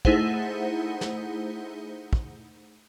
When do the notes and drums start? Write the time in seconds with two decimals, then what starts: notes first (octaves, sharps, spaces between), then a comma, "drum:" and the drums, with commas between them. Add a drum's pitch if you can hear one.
0.05 A3 D#4 E4 G#4 C5 F#5, drum: kick
1.01 drum: snare
2.13 drum: kick